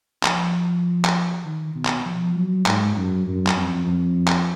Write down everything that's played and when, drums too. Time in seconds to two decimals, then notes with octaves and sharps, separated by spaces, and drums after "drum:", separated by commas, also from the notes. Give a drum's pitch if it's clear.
0.23 F3, drum: clap
1.05 drum: clap
1.44 D#3
1.75 B2
1.85 drum: clap
2.06 F3
2.35 F#3
2.66 G#2, drum: clap
2.97 F#2
3.27 F#2
3.47 drum: clap
3.56 F2
3.87 F2
4.27 drum: clap